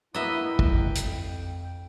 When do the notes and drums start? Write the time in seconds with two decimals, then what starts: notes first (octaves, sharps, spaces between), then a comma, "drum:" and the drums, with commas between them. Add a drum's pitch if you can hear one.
0.14 A#3 B3 E4 B4 D#5 E5
0.49 G5
0.59 drum: kick
0.95 F2, drum: hi-hat